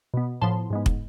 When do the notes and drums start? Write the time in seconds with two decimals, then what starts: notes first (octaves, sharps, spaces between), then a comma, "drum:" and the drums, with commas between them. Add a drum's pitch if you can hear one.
0.14 B2 B3
0.41 A2 F3 B3 A5 C6
0.70 G#2 G#3 B3
0.86 drum: kick